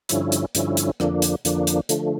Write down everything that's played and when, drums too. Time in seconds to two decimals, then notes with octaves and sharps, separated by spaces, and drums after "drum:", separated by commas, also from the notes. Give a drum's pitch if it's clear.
0.09 G2 D3 F3 C#4 E4, drum: hi-hat
0.32 drum: hi-hat
0.55 G2 D3 F3 C#4 E4, drum: hi-hat
0.77 drum: hi-hat
1.00 F2 D3 F3 A#3 D4, drum: rim click
1.22 drum: hi-hat
1.45 F2 D3 F3 A#3 D4, drum: hi-hat
1.67 drum: hi-hat
1.89 D3 F3 A3, drum: hi-hat